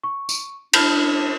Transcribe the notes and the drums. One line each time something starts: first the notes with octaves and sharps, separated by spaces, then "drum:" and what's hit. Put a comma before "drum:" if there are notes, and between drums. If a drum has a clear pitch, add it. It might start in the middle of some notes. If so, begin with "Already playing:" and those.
C#6
drum: tambourine
D4 A5 B5 F6, drum: cymbal